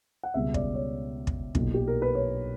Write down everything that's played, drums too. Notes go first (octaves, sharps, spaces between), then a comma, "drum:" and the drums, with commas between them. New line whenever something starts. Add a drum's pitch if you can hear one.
F#5
C#2 B2 G3 E5
D5, drum: kick
C#5
drum: kick
B1 A#2 F#3, drum: kick
G4
A#4
B4
C#5